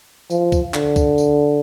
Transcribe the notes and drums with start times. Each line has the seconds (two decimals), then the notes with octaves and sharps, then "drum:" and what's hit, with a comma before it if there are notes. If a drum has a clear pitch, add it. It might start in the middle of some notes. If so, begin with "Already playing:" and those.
0.30 F3, drum: tambourine
0.52 drum: kick C2, tambourine
0.74 D3, drum: clap
0.96 drum: kick C2, tambourine
1.18 drum: tambourine